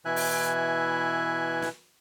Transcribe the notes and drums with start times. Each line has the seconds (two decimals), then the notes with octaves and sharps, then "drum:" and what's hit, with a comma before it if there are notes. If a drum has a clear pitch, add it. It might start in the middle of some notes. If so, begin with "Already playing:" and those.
0.05 B2 E3 E4 E5 G#5 F#6
0.16 drum: open hi-hat
1.62 drum: snare